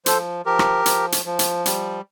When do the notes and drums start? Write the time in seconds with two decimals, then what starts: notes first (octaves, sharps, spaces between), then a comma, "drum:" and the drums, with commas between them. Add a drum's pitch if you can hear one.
0.06 F3 A4 C5, drum: hi-hat
0.46 F3 G4 A#4
0.59 drum: rim click
0.86 F3, drum: hi-hat
1.12 drum: hi-hat
1.25 F3
1.39 drum: hi-hat
1.66 G3, drum: hi-hat